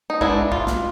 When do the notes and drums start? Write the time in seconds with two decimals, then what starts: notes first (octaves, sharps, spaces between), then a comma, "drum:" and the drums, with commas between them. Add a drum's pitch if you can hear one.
0.10 D#4
0.21 G#3 B3 D4 E4, drum: kick
0.52 F4, drum: kick
0.67 drum: snare